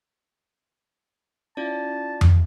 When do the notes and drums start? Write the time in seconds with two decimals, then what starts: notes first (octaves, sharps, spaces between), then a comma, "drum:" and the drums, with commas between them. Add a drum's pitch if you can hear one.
1.57 C#4 E4 F4 D5 A5
2.21 drum: tom F2